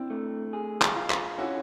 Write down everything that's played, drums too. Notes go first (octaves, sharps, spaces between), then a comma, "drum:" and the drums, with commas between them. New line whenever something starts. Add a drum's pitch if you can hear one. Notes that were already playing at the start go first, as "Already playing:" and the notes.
Already playing: C4 D4 E4
A3
G#4
drum: clap
F4
drum: clap
C#4 E4 F#4